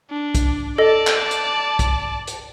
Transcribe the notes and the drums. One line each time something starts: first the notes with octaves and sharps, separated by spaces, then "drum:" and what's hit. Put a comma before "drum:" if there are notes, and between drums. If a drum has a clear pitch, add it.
D4
drum: kick, hi-hat
A4 D5 D#5 A5
drum: clap
drum: hi-hat
drum: kick, hi-hat
drum: hi-hat